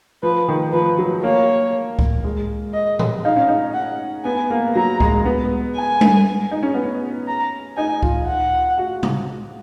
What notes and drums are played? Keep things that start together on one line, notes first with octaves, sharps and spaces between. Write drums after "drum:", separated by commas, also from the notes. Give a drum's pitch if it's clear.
F3 B4
D#3
F3 B4
F#3
A#3 C#5
drum: kick C#2
G#3
D#5
drum: tom A#2
D#4 F5
C#4
D#4
F#5
B3 G#5
A#3
F#3 A#5
G#3, drum: kick C#2
B3
G#5
drum: tom G3
D#4
C#4
B3
C#4
A#5
D#4 G#5
F4, drum: kick C#2
F#5
F#4
drum: tom C3